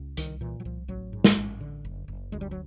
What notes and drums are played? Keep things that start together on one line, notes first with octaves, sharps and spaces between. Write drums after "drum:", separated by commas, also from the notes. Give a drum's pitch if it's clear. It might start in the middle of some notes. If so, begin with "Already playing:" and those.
Already playing: C#2
C2 D#3, drum: hi-hat
A#2 E3
F#3
C2 F3
A1 F#3
G#2
drum: snare
A1
D3
F#1
F#1
D2 G#3
G3
F#3